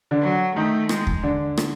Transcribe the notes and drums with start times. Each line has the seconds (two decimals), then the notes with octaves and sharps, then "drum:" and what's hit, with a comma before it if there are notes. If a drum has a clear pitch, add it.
0.11 D3 D4
0.22 F#3
0.55 D#3 A3 D#4
0.89 G#3, drum: rim click
1.07 drum: kick D#2
1.23 D3 D4
1.57 drum: rim click